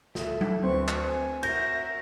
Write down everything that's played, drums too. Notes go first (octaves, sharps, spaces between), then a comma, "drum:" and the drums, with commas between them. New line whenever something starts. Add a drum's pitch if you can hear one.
A4 E5, drum: snare
drum: tom F#3
D2 C4 B4 C#6
drum: clap
G#5
F#4 A#4 E5 G6 A#6, drum: cymbal